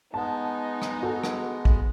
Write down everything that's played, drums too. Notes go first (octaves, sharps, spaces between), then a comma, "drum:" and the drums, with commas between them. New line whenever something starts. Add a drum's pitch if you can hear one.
G#3 B3 D#4 F#5 A5
drum: rim click
F#4 A4
drum: rim click
drum: kick A#1